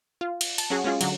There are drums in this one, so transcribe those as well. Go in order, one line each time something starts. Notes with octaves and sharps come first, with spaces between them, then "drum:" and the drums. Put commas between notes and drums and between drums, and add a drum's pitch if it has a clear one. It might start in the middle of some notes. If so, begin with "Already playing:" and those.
F4
drum: cymbal
A5, drum: cymbal
F#3 C#4 F#4 G#4
G#3 C#4 F4 G#4
D3 F#3, drum: cymbal